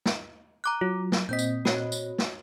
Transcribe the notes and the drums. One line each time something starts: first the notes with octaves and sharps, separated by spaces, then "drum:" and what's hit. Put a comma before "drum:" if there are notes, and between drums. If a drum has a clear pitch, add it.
drum: snare
A#5 D6 F#6
F#3 F4
drum: snare
A#2 C4 D#5 G6 B6
drum: tambourine
F#4 C#5, drum: snare
drum: tambourine
drum: snare